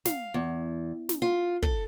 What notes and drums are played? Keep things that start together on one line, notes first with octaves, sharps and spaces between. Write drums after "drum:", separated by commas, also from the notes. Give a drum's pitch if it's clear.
F5, drum: snare
E2
drum: snare
F4
A4, drum: kick